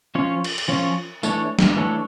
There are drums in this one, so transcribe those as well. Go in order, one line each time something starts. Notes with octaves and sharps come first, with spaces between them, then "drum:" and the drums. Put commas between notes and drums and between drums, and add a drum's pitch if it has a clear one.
F3 C#4 F4 C#5
drum: cymbal
drum: cymbal
F3 C#4 F4 C#5
E3 A3 D4 A4 C#5, drum: tambourine
drum: snare
E3 A3 D4 A4 C#5